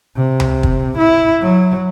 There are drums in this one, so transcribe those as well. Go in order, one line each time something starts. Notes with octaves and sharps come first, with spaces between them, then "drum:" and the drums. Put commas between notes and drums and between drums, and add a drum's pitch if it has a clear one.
C3
drum: tom C#2
drum: kick
E4
F#3